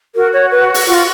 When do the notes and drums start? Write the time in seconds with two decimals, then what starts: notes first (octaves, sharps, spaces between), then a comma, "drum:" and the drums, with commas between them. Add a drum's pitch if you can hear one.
0.15 F#4 A#4
0.33 C#5
0.52 B4
0.74 drum: open hi-hat
0.87 F4